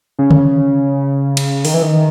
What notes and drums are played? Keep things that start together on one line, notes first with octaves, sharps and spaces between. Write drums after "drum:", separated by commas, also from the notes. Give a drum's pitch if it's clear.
C#3
drum: tom D3
drum: cymbal
D#3, drum: open hi-hat
E3
D#3